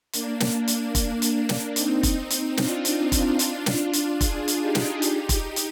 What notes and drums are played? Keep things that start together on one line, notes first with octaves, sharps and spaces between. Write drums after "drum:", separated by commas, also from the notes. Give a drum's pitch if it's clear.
A#3 D4, drum: hi-hat
drum: snare
drum: hi-hat
drum: kick, hi-hat
drum: hi-hat
drum: snare
C4 D#4, drum: hi-hat
drum: kick, hi-hat
drum: hi-hat
D4 F4, drum: snare
drum: hi-hat
drum: kick, hi-hat
drum: hi-hat
drum: snare
drum: hi-hat
F4 G#4, drum: kick, hi-hat
drum: hi-hat
D#4 G4
drum: snare
D#4 G4, drum: hi-hat
drum: kick, hi-hat
drum: hi-hat